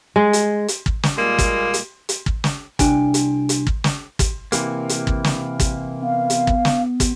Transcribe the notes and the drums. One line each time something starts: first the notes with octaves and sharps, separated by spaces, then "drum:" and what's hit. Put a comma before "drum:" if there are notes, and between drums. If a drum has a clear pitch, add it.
G#3
drum: hi-hat
drum: hi-hat
drum: kick
drum: snare
A#2 G3 G#3 A#3
drum: kick, hi-hat
drum: hi-hat
drum: hi-hat
drum: kick
drum: snare
C2 D4 G5 G#5, drum: kick, hi-hat
drum: hi-hat
drum: hi-hat
drum: kick
drum: snare
drum: kick, hi-hat
C3 E3 A#3, drum: hi-hat
drum: hi-hat
drum: kick
drum: snare
drum: kick, hi-hat
B3 F5
drum: hi-hat
drum: kick
drum: snare
drum: kick, hi-hat